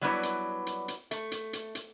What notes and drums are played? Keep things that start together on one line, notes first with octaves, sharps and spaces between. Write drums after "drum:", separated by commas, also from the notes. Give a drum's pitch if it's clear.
F#3 G3 B3 D4 E4 B4
drum: hi-hat
drum: hi-hat
drum: hi-hat
A3, drum: hi-hat
drum: hi-hat
drum: hi-hat
drum: hi-hat